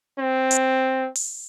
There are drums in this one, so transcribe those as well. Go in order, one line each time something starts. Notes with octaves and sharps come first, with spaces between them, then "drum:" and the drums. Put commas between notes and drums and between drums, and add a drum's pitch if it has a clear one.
C4
drum: hi-hat
drum: open hi-hat